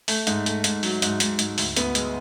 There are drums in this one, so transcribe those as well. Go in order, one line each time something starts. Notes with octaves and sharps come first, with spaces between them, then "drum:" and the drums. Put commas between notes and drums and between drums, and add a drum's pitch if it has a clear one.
A3, drum: open hi-hat
G#2, drum: hi-hat
A3, drum: hi-hat
G#2, drum: hi-hat
F#3, drum: open hi-hat
G#2, drum: hi-hat
G#2, drum: hi-hat
G#2, drum: hi-hat
D2, drum: open hi-hat
D2 B3, drum: hi-hat
G#3, drum: hi-hat